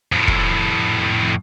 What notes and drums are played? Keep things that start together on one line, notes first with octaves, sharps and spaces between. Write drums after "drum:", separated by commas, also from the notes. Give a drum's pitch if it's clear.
F2 A2
drum: kick